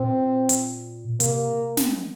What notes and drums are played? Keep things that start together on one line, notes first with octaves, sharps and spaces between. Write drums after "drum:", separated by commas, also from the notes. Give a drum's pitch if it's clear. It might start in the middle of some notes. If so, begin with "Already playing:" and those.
Already playing: A#2 C4
drum: hi-hat
C3 A#3, drum: hi-hat
drum: snare